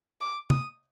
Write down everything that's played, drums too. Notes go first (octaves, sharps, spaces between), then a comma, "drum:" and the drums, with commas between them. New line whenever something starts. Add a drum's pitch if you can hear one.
D6
D#6, drum: tom